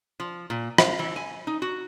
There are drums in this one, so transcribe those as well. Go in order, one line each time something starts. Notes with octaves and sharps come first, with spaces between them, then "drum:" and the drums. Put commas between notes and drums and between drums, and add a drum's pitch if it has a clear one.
F3
A#2
F5, drum: rim click
E3
G#5
D#4
F#4